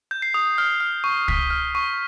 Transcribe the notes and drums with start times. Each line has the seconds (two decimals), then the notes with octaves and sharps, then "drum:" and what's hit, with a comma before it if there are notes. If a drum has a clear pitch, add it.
0.11 G6
0.22 C7
0.34 D#6
0.58 F6
0.81 F6
1.04 C#6
1.28 F6 B6, drum: kick
1.50 F6
1.75 C#6